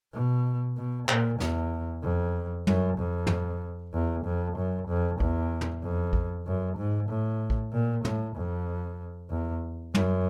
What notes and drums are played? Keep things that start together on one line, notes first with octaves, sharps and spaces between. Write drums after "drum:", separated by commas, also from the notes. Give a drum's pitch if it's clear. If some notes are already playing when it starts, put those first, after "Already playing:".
B2
B2
A#2, drum: clap
E2, drum: snare
F2
F#2, drum: tom
F2
drum: tom
E2
F2
F#2
F2
E2, drum: kick
drum: tom
F2
drum: kick
F#2
G#2
A2
drum: kick
A#2
A2, drum: tom
F2
E2
F#2, drum: tom